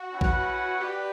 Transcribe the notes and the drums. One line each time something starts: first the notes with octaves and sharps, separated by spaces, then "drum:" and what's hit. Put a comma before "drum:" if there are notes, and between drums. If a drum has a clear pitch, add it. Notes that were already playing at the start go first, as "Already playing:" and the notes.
Already playing: F#4
C#4 E4 B4 F#5
drum: kick A#1
F#4 G4 B4 D5